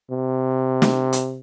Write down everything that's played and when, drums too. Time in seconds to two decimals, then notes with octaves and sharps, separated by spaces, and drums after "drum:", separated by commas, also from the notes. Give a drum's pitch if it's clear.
0.10 C3
0.82 drum: snare
1.13 drum: hi-hat